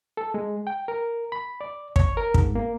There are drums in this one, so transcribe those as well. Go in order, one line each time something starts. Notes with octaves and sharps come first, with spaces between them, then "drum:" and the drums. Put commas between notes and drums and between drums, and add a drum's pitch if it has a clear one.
A4
G#3
G5
A#4
B5
D5
C#5, drum: kick
A#4
G#2, drum: kick
A#3